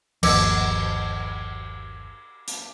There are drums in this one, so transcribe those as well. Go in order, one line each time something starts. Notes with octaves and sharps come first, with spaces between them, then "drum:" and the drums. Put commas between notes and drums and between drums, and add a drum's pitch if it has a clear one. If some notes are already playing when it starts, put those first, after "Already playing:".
G1 D#2 F3 D6 E6 G#6, drum: cymbal
drum: hi-hat